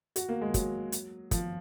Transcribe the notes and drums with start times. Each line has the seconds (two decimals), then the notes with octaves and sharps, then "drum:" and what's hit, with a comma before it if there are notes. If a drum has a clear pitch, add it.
0.16 F#4, drum: hi-hat
0.29 A#3
0.42 G#3
0.54 F#3, drum: kick, hi-hat
0.92 drum: hi-hat
1.31 F3, drum: kick, hi-hat